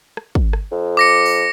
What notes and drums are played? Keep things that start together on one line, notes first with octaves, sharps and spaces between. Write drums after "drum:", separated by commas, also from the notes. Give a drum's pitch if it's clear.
drum: rim click
drum: kick
drum: rim click
F2
D6 A#6 C#7
drum: open hi-hat